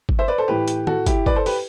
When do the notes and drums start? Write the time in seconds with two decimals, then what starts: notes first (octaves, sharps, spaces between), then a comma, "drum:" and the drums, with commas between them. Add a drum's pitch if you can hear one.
0.09 drum: kick
0.19 C5 E5
0.28 B4 D5
0.38 A4 C5
0.48 A2 E3 G4 B4
0.68 drum: hi-hat
0.87 F#4 A4, drum: tom
1.06 E4 G4, drum: kick, hi-hat
1.26 B4 D5, drum: kick
1.36 A4 C5
1.46 G4 B4, drum: open hi-hat